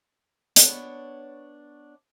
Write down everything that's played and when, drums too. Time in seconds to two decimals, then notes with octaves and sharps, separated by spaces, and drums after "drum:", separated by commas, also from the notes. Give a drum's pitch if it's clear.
0.56 B3 D4 C#5, drum: hi-hat